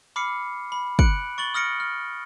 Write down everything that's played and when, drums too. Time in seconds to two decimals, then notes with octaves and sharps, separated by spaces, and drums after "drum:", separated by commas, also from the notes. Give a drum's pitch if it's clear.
0.16 B5 D6 F6 C7 C#7
0.72 B5
0.99 F#6 C#7 D7 F#7, drum: kick
1.38 C#6 A6 F#7 G7
1.54 D#6 F6 A#6 C#7 D7
1.80 F6